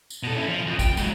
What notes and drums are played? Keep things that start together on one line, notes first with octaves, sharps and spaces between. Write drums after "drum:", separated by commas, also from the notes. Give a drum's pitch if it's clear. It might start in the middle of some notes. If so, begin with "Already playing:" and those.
drum: tambourine
B2 A4
C#4 E4
F3
F2
G5, drum: kick, tambourine
G#2 F#3, drum: tambourine